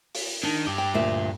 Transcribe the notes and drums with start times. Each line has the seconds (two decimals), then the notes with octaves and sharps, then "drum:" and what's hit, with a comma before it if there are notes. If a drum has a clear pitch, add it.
0.15 drum: open hi-hat
0.43 D#3 D4
0.66 G2 G4
0.78 G5
0.94 D2 A#2 E5